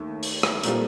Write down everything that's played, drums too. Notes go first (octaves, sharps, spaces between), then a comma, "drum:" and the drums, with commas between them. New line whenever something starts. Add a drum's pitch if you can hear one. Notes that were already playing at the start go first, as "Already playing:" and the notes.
Already playing: D#2 D#3 A3
drum: open hi-hat
drum: rim click
A#2 G3 C4 F4 A4, drum: hi-hat